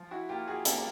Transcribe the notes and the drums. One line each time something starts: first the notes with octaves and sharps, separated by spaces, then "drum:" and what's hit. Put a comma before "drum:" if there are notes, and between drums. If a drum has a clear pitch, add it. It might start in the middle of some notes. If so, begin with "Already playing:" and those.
Already playing: F3
E4 F#4
A#3 F4 G4
F#4 G#4
A#3 G4 A4, drum: hi-hat